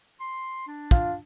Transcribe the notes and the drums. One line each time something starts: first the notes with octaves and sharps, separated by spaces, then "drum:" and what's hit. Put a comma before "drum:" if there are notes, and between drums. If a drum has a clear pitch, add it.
C6
D4
F4, drum: kick